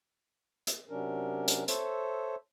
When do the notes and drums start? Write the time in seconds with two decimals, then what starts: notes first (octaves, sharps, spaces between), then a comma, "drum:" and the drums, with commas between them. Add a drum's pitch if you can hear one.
0.67 drum: hi-hat
0.90 C3 F#3 C#4 D4 A#4
1.48 drum: hi-hat
1.68 A4 C5 C#5 E5, drum: hi-hat